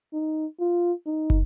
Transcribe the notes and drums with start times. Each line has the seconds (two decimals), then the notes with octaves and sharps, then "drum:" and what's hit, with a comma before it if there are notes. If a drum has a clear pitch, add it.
0.13 D#4
0.60 F4
1.06 D#4
1.30 drum: kick